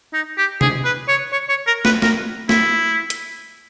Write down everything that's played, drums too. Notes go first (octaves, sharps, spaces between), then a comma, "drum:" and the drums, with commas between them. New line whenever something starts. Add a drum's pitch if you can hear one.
D#4
G4
G#4, drum: tom C3
B4
C#5
C#5
C#5
A#4
B4, drum: snare
A#4, drum: snare
E4, drum: snare
drum: hi-hat